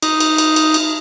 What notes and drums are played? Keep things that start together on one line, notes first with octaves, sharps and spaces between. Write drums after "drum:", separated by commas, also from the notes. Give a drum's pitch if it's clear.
D#4, drum: cymbal
drum: cymbal
drum: cymbal
drum: cymbal
drum: cymbal